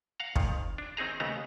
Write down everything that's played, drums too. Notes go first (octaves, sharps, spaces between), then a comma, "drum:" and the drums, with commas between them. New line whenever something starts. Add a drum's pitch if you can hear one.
F5 F#5 A#5
F2 D#3 F3, drum: kick
D4
D#3 C4 D#4 G#4 A#5
D#2 C#3 A3 B3 D#4 A#5